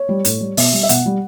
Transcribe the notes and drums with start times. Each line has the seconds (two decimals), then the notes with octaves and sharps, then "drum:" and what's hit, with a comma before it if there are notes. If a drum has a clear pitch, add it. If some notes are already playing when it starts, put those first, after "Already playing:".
Already playing: C#5
0.09 G3
0.25 A2, drum: hi-hat
0.41 G3
0.57 B2 E5, drum: open hi-hat
0.73 G3
0.83 E5
0.89 B2 F#5, drum: hi-hat
1.06 G3